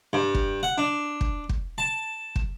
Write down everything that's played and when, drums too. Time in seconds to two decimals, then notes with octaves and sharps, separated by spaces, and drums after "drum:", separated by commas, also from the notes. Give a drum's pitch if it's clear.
0.13 G2
0.35 drum: kick
0.63 F#5
0.78 D4
1.21 drum: kick
1.49 drum: kick
1.78 A5
2.36 drum: kick